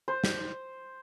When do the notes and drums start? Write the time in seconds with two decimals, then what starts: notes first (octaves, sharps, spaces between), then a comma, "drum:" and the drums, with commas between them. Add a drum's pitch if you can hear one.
0.08 C5
0.24 drum: snare